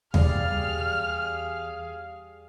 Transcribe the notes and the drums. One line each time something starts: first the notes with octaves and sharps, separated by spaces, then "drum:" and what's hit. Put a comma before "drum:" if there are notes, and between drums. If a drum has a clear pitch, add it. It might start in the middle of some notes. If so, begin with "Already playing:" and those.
E2 G3 G#4 D5 F5 F6, drum: tom D#2